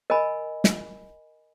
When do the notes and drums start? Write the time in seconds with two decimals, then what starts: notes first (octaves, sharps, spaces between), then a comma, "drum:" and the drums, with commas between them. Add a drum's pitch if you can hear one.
0.10 A#4 D#5 G#5 B5
0.64 drum: snare